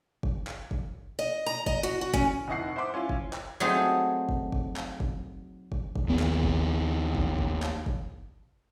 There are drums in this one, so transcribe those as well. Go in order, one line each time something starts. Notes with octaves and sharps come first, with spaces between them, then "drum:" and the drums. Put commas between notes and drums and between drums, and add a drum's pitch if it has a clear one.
drum: kick
drum: clap
drum: kick
D#5
A#5
D#5, drum: kick
F#4
F#4
C#4, drum: kick
F1 D#4 E4 F#5 C#6 C7
C5 E5 F#5 C6 D6
C#4 E4 F4 F5
drum: kick
drum: clap
F#3 A3 C4 D#4 F4 G#4
drum: kick
drum: kick
drum: clap
drum: kick
drum: kick
drum: kick
D#2 B3
drum: clap
drum: kick
drum: kick
drum: kick
drum: clap
drum: kick